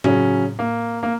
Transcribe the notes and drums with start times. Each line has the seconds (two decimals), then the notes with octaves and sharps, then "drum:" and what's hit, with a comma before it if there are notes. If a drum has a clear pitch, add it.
0.04 C#3 F#3 C#4, drum: tom A2
0.59 A#3
1.03 A#3